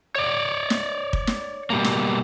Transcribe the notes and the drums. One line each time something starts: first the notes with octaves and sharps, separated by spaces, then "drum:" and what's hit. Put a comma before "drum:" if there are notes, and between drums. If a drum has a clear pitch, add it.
C#5 D5
drum: snare
drum: kick
drum: snare
B2 G3 A#3
drum: snare